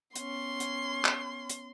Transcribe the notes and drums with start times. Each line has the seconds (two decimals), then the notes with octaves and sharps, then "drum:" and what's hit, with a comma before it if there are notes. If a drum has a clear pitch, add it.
0.15 B3 C#4 C6, drum: hi-hat
0.60 drum: hi-hat
1.05 drum: clap
1.50 drum: hi-hat